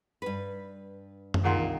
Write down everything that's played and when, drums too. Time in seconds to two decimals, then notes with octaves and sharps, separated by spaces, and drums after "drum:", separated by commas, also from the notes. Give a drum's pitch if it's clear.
0.22 G2 B4
1.34 drum: tom F#2
1.44 C2 A#2 D#3 G#4 F#5 C6